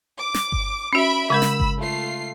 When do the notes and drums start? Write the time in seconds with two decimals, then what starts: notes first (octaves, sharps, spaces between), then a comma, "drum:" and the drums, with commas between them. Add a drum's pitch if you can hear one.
0.20 D6
0.34 drum: snare
0.52 drum: kick G1
0.93 C#4 F#4 E5 B5 D7
1.30 C#3 G#3 A#4 B5 E6
1.42 drum: snare
1.60 drum: kick G1
1.78 A3 F4 C7